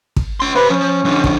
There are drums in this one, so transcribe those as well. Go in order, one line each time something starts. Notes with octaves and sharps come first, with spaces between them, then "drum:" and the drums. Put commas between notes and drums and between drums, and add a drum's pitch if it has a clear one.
drum: kick
C#4 C6
B4 C5 E5
F3 C#4
D3 F3
drum: kick